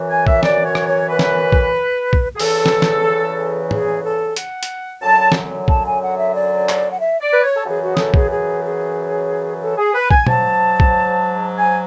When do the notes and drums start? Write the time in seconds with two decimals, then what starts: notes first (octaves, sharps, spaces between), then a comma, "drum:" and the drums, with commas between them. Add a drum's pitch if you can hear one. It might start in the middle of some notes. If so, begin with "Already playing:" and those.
Already playing: F#2 E3
0.10 G#5
0.27 E5, drum: kick
0.43 D5, drum: snare
0.65 C#5
0.75 drum: rim click
0.87 C#5
1.09 B4
1.19 drum: snare
1.52 drum: kick
2.13 drum: kick
2.36 G#4
2.39 E2 C#3 E3 A4, drum: open hi-hat
2.66 drum: snare
2.82 drum: snare
3.71 G#4, drum: tom
4.03 A4
4.36 F#5, drum: hi-hat
4.63 drum: hi-hat
5.02 F#2 D3 F#3 A5
5.32 drum: snare
5.68 A5, drum: kick
5.85 G#5
6.00 F#5
6.17 E5
6.33 D5
6.69 drum: clap
6.89 F#5
6.99 E5
7.20 D5
7.33 B4
7.42 C#5
7.56 A4
7.65 F#2 C#3 E3 G#4
7.81 F#4
7.93 G#4
7.97 A4, drum: snare
8.14 G#4, drum: kick
8.30 G#4
8.63 G#4
9.61 A4
9.77 G#4
9.94 B4
10.11 G#5, drum: kick
10.27 G#2 F#3 A5, drum: tom
10.80 drum: kick
11.58 G#5